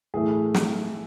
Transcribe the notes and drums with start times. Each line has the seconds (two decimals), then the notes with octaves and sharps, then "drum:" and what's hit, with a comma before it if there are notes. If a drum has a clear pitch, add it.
0.14 A2 E3 A3 G#4
0.54 drum: snare